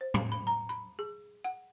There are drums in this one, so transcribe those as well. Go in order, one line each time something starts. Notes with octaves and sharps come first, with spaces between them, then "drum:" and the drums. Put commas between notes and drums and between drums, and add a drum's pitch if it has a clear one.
C5
drum: tom A2
B5
A#5
B5
G#4
F#5